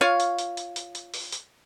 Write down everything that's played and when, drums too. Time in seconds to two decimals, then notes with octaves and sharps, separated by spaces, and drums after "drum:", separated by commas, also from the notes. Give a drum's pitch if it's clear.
0.01 F4 C#5 F5
0.20 drum: hi-hat
0.38 drum: hi-hat
0.57 drum: hi-hat
0.76 drum: hi-hat
0.95 drum: hi-hat
1.14 drum: open hi-hat
1.32 drum: hi-hat